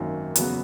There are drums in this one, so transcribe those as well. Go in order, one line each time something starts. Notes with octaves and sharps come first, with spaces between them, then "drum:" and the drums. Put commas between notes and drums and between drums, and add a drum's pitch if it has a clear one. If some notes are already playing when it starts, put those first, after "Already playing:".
Already playing: G#1 F#2 D#3 A#3
E2 C#3 F#3 B3, drum: hi-hat